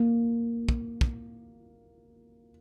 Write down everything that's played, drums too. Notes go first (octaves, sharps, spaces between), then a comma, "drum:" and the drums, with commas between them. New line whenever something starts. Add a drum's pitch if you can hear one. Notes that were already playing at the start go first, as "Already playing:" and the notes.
Already playing: A#3
drum: kick
drum: kick